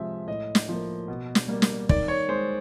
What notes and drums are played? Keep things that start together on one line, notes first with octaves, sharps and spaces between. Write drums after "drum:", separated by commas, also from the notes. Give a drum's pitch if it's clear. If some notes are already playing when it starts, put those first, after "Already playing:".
Already playing: C3 F3 G#3 E5
A2 D#5
drum: snare
F3 A#3
B2
drum: snare
G3 A#3
drum: snare
D#3 D5, drum: kick
C#5
G#3 C5